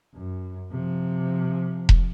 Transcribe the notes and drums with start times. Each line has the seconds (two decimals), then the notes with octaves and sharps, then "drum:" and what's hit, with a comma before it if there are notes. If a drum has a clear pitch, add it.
0.14 F#2
0.72 C3 F3
1.89 drum: kick E1